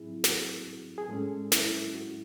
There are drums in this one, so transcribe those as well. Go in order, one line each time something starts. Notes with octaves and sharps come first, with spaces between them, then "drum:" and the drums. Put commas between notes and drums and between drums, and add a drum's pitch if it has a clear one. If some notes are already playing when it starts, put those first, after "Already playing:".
Already playing: A2 F#3 C4 E4 G#4
F#4, drum: snare
G#4
A2 G#3 C#4 A4
E4, drum: snare
F#4